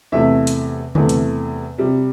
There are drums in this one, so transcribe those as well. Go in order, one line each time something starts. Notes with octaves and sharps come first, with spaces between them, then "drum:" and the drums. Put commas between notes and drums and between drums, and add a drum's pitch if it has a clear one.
E2 C3 A3 E5
drum: hi-hat
E2 C3 A3, drum: tom C#3
drum: hi-hat
C3 G3